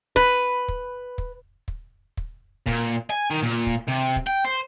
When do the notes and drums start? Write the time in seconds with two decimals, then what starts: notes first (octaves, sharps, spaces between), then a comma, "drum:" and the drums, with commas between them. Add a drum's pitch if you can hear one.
0.16 B4, drum: kick
0.68 drum: kick
1.18 drum: kick
1.68 drum: kick
2.17 drum: kick
2.67 A#2, drum: kick
3.11 G#5
3.31 D#3
3.43 A#2
3.66 drum: kick
3.88 C3
4.16 drum: kick
4.27 G5
4.45 C5